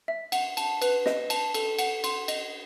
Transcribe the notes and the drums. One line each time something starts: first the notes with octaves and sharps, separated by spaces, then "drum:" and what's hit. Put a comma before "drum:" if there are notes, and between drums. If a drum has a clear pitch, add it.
E5
F#5, drum: cymbal
A5, drum: cymbal
B4, drum: cymbal
D#5, drum: snare
A5, drum: cymbal
A4, drum: cymbal
F#5, drum: cymbal
C6, drum: cymbal
D#5, drum: cymbal